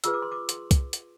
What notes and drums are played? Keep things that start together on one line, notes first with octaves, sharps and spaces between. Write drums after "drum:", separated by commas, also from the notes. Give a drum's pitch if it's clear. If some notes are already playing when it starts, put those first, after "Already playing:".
F4 G#4 B4 E6, drum: hi-hat
D6
C6
D6
C6, drum: hi-hat
drum: kick C2, hi-hat
drum: hi-hat